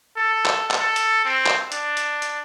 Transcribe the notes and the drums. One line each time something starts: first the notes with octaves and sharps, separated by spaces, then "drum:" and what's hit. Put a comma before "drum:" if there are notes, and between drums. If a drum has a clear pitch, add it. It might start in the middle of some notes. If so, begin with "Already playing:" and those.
A4
drum: clap
drum: clap
A4
drum: hi-hat
C4
drum: clap
D4, drum: hi-hat
drum: hi-hat
drum: hi-hat